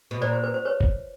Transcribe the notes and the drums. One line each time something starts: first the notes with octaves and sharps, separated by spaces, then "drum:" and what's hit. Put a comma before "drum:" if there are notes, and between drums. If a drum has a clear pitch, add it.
B2
A#2 C5 D5
C5
B4
C5
B4 C#5
drum: kick